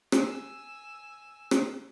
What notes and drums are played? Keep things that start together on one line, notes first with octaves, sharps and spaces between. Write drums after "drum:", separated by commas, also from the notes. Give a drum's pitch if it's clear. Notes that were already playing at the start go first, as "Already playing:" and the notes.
G#5 E6, drum: rim click
drum: rim click